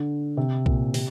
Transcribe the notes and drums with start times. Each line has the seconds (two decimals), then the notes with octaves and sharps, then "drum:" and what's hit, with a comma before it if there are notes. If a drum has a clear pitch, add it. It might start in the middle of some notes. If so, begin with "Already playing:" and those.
Already playing: D3
0.37 C3
0.66 A#2, drum: kick B1
0.94 C3, drum: open hi-hat